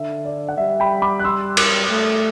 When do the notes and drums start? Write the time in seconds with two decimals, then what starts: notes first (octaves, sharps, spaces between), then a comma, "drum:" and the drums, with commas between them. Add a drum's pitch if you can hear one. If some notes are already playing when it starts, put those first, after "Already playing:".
Already playing: D3 E5
0.25 D5
0.49 F#5
0.58 G3 E5
0.80 G5 B5
1.02 B5 D6
1.19 F#6
1.24 C6 E6
1.57 D6 F#6, drum: cymbal
1.90 A3